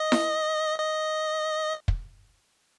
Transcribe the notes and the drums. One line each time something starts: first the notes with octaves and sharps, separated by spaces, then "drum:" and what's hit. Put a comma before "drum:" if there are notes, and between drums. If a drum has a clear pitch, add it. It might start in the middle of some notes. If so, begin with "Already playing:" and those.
Already playing: D#5
drum: snare E4
D#5
drum: kick